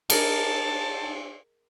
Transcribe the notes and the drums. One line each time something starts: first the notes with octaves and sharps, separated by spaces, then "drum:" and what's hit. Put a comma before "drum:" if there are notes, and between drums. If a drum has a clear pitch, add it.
G#4 A#4 D#5 A5, drum: cymbal